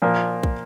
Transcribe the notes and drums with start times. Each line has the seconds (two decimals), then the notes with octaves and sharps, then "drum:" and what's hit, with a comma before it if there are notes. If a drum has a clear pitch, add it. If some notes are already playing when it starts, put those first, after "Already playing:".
0.02 A#2 F3 A#3
0.43 drum: kick